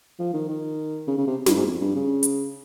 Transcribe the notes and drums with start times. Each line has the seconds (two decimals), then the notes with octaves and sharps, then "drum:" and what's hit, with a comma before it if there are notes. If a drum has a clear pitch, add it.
0.19 F3
0.33 D#3
0.48 D#3
1.07 C#3
1.18 C#3
1.27 C3
1.46 G2, drum: snare
1.57 G#2
1.66 F2
1.80 G2
1.95 C#3
2.23 drum: hi-hat